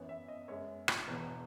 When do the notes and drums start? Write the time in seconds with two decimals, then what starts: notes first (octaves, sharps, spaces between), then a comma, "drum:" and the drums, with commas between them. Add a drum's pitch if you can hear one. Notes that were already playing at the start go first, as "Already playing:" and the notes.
Already playing: F#2 E3 B3 C#5
0.09 E5
0.28 D#5
0.48 F#2 C#3 G#3 B3 C#5
0.88 drum: rim click
1.08 E1 E2 B2 B4